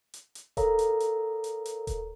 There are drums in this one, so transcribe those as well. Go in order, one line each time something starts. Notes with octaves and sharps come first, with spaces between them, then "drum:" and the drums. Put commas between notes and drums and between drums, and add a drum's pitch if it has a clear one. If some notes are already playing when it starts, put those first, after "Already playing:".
drum: hi-hat
drum: hi-hat
A4 A#4 C#5 F5 A#5, drum: kick D#1, hi-hat
drum: hi-hat
drum: hi-hat
drum: hi-hat
drum: hi-hat
drum: kick D#1, hi-hat